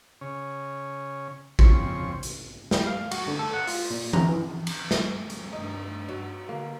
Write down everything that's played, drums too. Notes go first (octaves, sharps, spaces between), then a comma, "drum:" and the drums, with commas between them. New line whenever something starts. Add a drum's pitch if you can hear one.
C#3 C#4
F2 C#3 C4 C#6, drum: kick
drum: hi-hat
G3, drum: snare
F5
F#4, drum: cymbal
D3
A4
F#5
F4, drum: open hi-hat
A#2
A#5, drum: tom E3
E3
drum: cymbal
drum: snare
drum: hi-hat
G2 D#4
F#3
D3 A#3